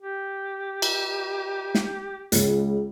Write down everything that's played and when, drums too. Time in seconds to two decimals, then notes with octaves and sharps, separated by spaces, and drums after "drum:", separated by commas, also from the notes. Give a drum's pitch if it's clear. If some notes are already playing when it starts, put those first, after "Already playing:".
0.02 G4
0.82 drum: cymbal
1.75 drum: snare
2.32 C#2 C#3, drum: hi-hat